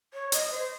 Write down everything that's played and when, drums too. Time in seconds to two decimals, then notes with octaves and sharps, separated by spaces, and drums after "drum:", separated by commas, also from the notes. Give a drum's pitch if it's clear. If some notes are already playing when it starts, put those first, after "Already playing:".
0.13 C#5
0.32 D#5, drum: hi-hat
0.51 C5